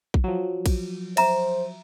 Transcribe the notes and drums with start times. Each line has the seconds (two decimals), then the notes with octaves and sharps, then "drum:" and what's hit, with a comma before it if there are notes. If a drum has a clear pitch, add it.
0.14 drum: kick
0.24 F3 F#3
0.66 drum: kick, cymbal
1.17 C5 E5 A#5, drum: cymbal